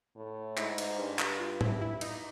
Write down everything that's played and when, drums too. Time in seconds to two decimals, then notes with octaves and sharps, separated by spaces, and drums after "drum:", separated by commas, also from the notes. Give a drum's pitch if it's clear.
0.16 A2
0.58 G#2 E4, drum: clap
0.78 drum: cymbal
0.98 G2
1.19 drum: clap
1.40 F4
1.61 E4, drum: tom A2
1.81 E4
2.01 D#4, drum: cymbal